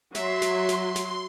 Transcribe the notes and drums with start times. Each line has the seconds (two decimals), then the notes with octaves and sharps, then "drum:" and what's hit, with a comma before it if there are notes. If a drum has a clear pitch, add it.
0.15 F#3 E5 C6, drum: snare
0.42 drum: snare
0.69 drum: snare
0.96 drum: snare